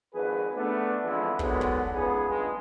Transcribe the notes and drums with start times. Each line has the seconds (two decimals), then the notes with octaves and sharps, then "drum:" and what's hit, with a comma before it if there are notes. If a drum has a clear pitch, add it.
0.13 G#1 F2 G#4 B4
0.55 A3 B3 D4
1.03 D3 E3 F3 G#3 C4 E4
1.39 D3 D#3 F#3 G#3 B3, drum: kick
1.61 drum: kick
1.94 C#2 G#2 B3 G#4
2.28 A#1 G2 G#3